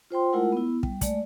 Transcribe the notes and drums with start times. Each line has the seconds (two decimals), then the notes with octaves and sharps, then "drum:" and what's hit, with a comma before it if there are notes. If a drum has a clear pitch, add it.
0.10 F4 C5 G5 C6
0.33 G#3 A3 E4 F4 A#4 F#5
0.52 B3 E4
0.83 G3, drum: kick
1.01 G#3 A3 D5, drum: kick, hi-hat